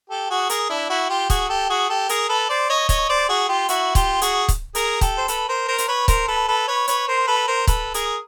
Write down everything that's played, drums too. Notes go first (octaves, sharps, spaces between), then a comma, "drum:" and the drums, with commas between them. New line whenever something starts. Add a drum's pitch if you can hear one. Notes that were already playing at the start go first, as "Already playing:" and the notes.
G4 A4
F#4 G#4
G#4 A#4, drum: hi-hat
D4 E4
E4 F#4
F4 G4
F#4 G#4, drum: kick, hi-hat
G4 A4
F#4 G#4
G4 A4
G#4 A#4, drum: hi-hat
A4 B4
C5 D5
C#5 D#5
C#5 D#5, drum: kick, hi-hat
C5 D5
F#4 G#4
F4 G4
E4 F#4, drum: hi-hat
F4 G4, drum: kick, hi-hat
F#4 G#4, drum: hi-hat
drum: kick, hi-hat
G#4 A#4, drum: hi-hat
G4 A4, drum: kick, hi-hat
C5
A4 B4, drum: hi-hat
A#4 C5
A#4 C5
C5, drum: hi-hat
B4 C#5
A#4 C5, drum: kick, hi-hat
A4 B4
A4 B4
B4 C#5
B4 C#5, drum: hi-hat
A#4 C5
A4 B4
A#4 C5
A4 B4, drum: kick, hi-hat
G#4 A#4, drum: hi-hat